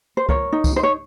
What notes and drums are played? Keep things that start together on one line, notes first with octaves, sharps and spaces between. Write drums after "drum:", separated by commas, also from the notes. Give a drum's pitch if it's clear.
C5
A#4 C#5, drum: kick C#2
D#4
drum: kick C#2, tambourine
D#4 C5
C#5